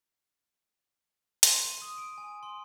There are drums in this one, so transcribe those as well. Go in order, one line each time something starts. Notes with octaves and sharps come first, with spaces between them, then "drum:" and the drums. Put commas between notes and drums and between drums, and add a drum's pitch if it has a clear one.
C6, drum: hi-hat
D#7
D#6
D7
G#5
C6